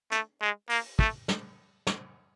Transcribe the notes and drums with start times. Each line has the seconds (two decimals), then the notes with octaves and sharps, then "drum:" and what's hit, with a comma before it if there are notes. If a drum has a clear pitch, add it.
0.11 A3, drum: hi-hat
0.41 G#3
0.69 A#3, drum: open hi-hat
0.99 A3, drum: kick
1.28 drum: snare
1.87 drum: snare